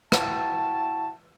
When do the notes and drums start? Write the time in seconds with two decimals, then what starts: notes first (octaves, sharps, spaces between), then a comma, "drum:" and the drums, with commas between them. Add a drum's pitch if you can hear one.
0.12 E4 F#4 E5 G5 A5, drum: rim click